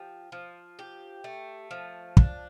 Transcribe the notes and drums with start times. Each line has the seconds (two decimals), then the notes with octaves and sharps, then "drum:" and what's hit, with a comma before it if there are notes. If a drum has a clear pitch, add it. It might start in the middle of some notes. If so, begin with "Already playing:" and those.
Already playing: F3 G4
0.32 F3
0.79 G4
1.24 A3
1.71 F3
2.17 D4, drum: kick